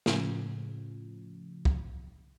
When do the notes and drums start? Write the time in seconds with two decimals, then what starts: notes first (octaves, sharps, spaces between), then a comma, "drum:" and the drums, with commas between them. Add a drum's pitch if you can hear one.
0.06 A2 C#3 F3, drum: snare
1.65 drum: kick